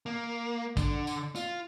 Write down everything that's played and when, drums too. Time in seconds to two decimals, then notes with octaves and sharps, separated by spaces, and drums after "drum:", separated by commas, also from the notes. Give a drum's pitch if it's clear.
0.06 A#3
0.77 D3, drum: kick, tambourine
1.07 drum: tambourine
1.36 F4, drum: tambourine